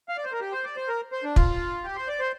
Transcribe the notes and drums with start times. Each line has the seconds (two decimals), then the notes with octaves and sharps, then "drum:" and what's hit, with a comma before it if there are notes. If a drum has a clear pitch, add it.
0.09 F5
0.17 D5
0.25 C5
0.32 A#4
0.41 G4
0.52 C5
0.64 D5
0.76 C5
0.88 A#4
1.12 C5
1.24 D4
1.36 F4, drum: kick
1.84 G4
1.96 C5
2.08 D5
2.19 C5